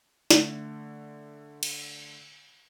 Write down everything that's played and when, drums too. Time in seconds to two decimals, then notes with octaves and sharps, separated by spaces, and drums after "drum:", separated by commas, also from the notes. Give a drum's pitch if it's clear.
0.31 D3 A3, drum: snare
1.63 drum: cymbal